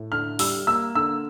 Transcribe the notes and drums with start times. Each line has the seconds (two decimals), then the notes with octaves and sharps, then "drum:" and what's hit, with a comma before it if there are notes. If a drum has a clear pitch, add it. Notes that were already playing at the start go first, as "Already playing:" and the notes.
Already playing: A2
0.12 D3 F6
0.39 G3 E6, drum: open hi-hat
0.67 A#3 E6
0.95 D3 E6